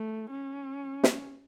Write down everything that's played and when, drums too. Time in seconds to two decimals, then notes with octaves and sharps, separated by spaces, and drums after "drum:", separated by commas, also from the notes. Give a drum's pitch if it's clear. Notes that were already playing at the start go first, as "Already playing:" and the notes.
Already playing: A3
0.31 C#4
1.04 drum: snare